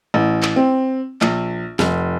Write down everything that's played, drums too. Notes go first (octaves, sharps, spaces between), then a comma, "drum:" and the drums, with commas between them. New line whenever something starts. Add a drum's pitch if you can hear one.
A1
drum: clap
C4
A#1, drum: clap
F1, drum: snare